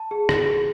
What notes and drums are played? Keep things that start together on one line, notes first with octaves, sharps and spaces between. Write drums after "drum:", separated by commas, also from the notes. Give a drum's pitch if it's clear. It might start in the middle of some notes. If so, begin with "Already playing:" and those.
Already playing: A5
G#4
G#4, drum: rim click
G#4